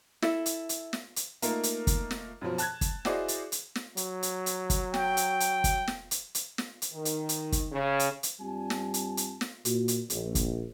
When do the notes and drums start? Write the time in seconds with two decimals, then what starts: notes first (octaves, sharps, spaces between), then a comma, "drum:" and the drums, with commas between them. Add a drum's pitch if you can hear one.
0.22 E4 A4 E5, drum: snare
0.46 drum: hi-hat
0.69 drum: hi-hat
0.93 drum: snare
1.16 drum: hi-hat
1.42 A3 A#3 D#4 F4 A#4, drum: hi-hat
1.63 drum: hi-hat
1.87 drum: kick, hi-hat
2.11 drum: snare
2.41 F#2 B2 F3
2.58 A5 F#6 G#6, drum: hi-hat
2.81 drum: kick, hi-hat
3.05 E4 F#4 G#4 C5 D5 D#5, drum: snare
3.28 drum: hi-hat
3.52 drum: hi-hat
3.75 drum: snare
3.97 F#3, drum: hi-hat
4.23 drum: hi-hat
4.46 drum: hi-hat
4.70 drum: kick, hi-hat
4.94 G5, drum: snare
5.17 drum: hi-hat
5.40 drum: hi-hat
5.64 drum: kick, hi-hat
5.87 drum: snare
6.11 drum: hi-hat
6.35 drum: hi-hat
6.58 drum: snare
6.82 drum: hi-hat
6.93 D#3
7.05 drum: hi-hat
7.29 drum: hi-hat
7.52 drum: kick, hi-hat
7.71 C#3
7.99 drum: hi-hat
8.23 drum: hi-hat
8.40 G2 G3 C4 F4 G#5 A5
8.70 drum: snare
8.94 drum: hi-hat
9.17 drum: hi-hat
9.41 drum: snare
9.65 A#2 F#4, drum: hi-hat
9.88 drum: hi-hat
10.10 A#1, drum: hi-hat
10.35 drum: kick, hi-hat